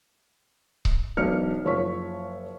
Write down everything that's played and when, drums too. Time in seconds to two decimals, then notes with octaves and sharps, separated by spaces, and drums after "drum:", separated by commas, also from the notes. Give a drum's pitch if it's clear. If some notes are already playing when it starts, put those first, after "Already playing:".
0.85 drum: kick C#1
1.17 E1 B1 D5 F6 C#7
1.65 F#1 F3 C#5 F5 C#6 B6